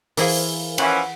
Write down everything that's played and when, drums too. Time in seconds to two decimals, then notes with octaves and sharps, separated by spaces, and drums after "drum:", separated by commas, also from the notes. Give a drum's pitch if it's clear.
0.17 E3 E4 G#4 A#4 C5 F5, drum: open hi-hat
0.78 E3 F3 C#4 F#5, drum: cymbal